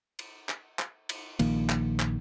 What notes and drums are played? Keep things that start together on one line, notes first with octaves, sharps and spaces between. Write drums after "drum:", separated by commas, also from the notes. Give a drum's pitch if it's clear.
drum: cymbal
drum: clap
drum: clap
drum: cymbal
A#1 A#2 D#3 A#3, drum: cymbal
drum: clap
drum: clap